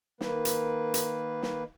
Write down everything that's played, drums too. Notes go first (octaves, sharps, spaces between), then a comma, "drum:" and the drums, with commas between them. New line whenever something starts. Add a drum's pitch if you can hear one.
D#3 A#3 B4, drum: snare
drum: hi-hat
drum: hi-hat
drum: snare